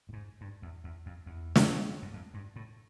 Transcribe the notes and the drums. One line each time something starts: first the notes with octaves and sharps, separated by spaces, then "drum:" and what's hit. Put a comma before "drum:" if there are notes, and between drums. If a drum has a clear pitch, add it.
A2
G#2
G2
E2
E2
F2
E2
drum: snare
F#2
F2
G2
A2